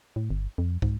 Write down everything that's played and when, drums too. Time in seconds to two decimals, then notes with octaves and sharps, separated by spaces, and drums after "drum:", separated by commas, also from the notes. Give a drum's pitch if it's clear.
0.16 A2
0.30 G1
0.58 F2
0.82 G#2, drum: kick